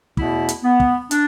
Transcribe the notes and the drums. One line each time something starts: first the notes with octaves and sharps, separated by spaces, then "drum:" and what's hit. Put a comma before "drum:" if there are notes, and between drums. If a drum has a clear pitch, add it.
E2 B2 A3 B3 E4, drum: kick
drum: hi-hat
B3
drum: kick
D4, drum: hi-hat